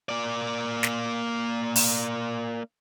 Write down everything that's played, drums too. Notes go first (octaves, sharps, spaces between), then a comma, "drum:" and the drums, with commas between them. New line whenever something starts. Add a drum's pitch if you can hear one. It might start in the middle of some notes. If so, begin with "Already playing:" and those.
A#3 D5
drum: snare
drum: open hi-hat